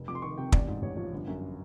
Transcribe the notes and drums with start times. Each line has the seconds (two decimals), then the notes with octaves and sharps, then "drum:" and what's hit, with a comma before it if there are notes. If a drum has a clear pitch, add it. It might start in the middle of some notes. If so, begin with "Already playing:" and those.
Already playing: F1
0.08 F2 D6
0.15 C6
0.22 D#3 C#6
0.38 C3 G5
0.52 A1 D5, drum: kick
0.68 G#2
0.82 A1 C#5
0.97 F3 C#5
1.12 G1
1.27 F#2